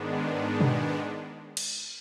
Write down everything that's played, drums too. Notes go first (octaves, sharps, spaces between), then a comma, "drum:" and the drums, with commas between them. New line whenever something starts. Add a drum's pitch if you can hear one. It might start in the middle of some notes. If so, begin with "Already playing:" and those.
Already playing: G#2 D#3 G#3 B3 D4
drum: tom B2
drum: cymbal